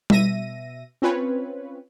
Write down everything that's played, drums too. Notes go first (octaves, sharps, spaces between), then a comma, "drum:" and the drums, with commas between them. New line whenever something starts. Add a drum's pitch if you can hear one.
B2 E5 A#6 D#7, drum: tom G3
C4 C#4 F4 B4 C#5